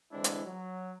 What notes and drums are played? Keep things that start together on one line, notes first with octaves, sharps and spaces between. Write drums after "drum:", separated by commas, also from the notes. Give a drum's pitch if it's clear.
D3 E3 G#3 C4 D4 E4
drum: hi-hat
F#3